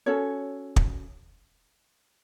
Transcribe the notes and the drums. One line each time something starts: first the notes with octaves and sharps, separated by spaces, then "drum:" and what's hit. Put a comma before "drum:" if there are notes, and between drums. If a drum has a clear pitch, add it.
C#4 F#4 A4 C#5
drum: kick